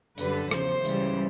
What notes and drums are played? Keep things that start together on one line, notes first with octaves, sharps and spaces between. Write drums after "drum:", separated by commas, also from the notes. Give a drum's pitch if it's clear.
F#2 D3 G3 B4, drum: hi-hat
E2 C#3 F3 C5, drum: rim click
C#2 C#3 E3 G3, drum: hi-hat